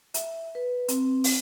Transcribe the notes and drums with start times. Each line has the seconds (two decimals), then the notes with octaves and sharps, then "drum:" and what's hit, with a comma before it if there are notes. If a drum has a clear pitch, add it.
0.14 E5, drum: hi-hat
0.55 B4
0.88 C4, drum: hi-hat
1.24 drum: open hi-hat